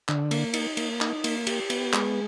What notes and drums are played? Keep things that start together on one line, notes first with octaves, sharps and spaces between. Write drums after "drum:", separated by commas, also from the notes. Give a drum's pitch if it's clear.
D3, drum: clap
A#3, drum: cymbal
D#4, drum: cymbal
A#3, drum: cymbal
D#4, drum: clap
A#3, drum: cymbal
G4, drum: cymbal
B3, drum: cymbal
G#3, drum: clap